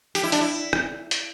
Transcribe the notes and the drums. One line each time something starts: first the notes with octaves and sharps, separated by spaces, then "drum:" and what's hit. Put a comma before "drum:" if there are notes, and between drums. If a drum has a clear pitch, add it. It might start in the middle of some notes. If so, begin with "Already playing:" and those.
G4, drum: hi-hat
E4
D4, drum: hi-hat
E4
drum: rim click
drum: hi-hat